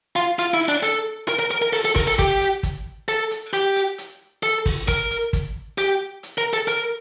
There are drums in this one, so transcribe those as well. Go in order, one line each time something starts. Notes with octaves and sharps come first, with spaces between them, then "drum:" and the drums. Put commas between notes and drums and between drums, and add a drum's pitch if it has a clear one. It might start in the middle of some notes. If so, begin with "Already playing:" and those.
F4
F4, drum: hi-hat
E4
D4
A4, drum: hi-hat
A#4, drum: hi-hat
A#4
A#4
A#4
A4, drum: open hi-hat
A4
A#4, drum: kick, open hi-hat
A4
G4, drum: kick, hi-hat
drum: hi-hat
drum: kick, hi-hat
A4, drum: hi-hat
drum: hi-hat
G4, drum: hi-hat
drum: hi-hat
drum: hi-hat
A4
drum: kick, open hi-hat
A#4, drum: kick, hi-hat
drum: hi-hat
drum: kick, hi-hat
G4, drum: hi-hat
drum: hi-hat
A#4
A4
A#4, drum: hi-hat